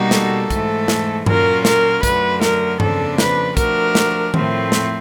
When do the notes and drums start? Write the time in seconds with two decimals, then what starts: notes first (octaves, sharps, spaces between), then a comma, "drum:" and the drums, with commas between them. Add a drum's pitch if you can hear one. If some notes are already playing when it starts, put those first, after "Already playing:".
Already playing: B2 G3 A#3 D#4 F#4
0.11 A4, drum: snare
0.50 G#2 E3 A3, drum: kick, hi-hat
0.88 drum: snare
1.26 A#2 F#3 A#3 C#4 F4 A#4, drum: tom G2
1.65 A#4, drum: snare
2.03 F#2 D3 F#3 A3 B4, drum: kick, hi-hat
2.42 A#4, drum: snare
2.80 F2 C#3 F3 A#3 D4 A4, drum: tom G2
3.18 B4, drum: snare
3.57 F3 A3 D4 F#4 A#4, drum: kick, hi-hat
3.95 drum: snare
4.34 A2 F3 A3 C4, drum: tom D#3
4.72 drum: snare